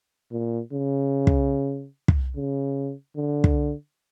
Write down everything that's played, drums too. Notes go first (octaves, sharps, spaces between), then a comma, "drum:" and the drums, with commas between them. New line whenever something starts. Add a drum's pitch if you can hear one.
A#2
C#3
drum: kick
drum: kick
C#3
D3
drum: kick